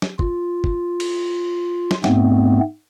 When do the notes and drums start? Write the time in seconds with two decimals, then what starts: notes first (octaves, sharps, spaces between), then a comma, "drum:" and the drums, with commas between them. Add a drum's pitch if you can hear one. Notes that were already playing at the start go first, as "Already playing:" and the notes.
0.02 drum: snare
0.19 F4, drum: kick
0.64 drum: kick
1.00 drum: cymbal
1.91 drum: snare
2.04 G#2 A3 B3 C4, drum: snare